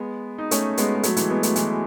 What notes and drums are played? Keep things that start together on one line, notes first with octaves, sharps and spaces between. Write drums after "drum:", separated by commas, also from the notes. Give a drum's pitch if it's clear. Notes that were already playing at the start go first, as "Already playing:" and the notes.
Already playing: G#3 B3
D#4
A3 C#4, drum: hi-hat
G#3 B3, drum: hi-hat
G#3
F#3 A3, drum: hi-hat
E3 G#3, drum: hi-hat
G#3 B3
F#3 A3, drum: hi-hat
E3 G#3, drum: hi-hat